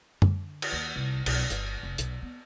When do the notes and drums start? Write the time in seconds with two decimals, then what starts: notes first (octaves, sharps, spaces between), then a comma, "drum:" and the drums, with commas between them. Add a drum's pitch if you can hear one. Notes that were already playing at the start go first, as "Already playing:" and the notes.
0.22 D3, drum: tom F#2
0.62 drum: cymbal
0.72 D#2
0.96 C2
1.26 B1, drum: cymbal
1.50 G1, drum: hi-hat
1.83 F1
1.98 B1, drum: hi-hat
2.22 B3